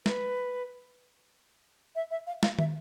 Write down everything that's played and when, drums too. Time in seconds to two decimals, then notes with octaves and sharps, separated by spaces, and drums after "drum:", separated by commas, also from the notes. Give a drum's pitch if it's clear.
0.06 B4, drum: snare
1.95 E5
2.11 E5
2.27 F5
2.43 F5, drum: snare
2.59 E5, drum: tom